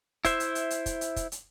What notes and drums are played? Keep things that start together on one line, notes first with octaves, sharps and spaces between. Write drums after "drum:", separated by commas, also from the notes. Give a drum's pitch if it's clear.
E4 C5 E5, drum: kick, hi-hat
drum: hi-hat
drum: hi-hat
drum: hi-hat
drum: kick, hi-hat
drum: hi-hat
drum: kick, hi-hat
drum: hi-hat